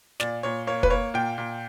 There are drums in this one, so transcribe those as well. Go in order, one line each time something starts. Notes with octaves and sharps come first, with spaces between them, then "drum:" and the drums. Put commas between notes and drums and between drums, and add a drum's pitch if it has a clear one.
A#2 D5, drum: snare
A#2 C#5
A#3 C#5
B4, drum: kick
A#3 C#5
A#2 G5
A#2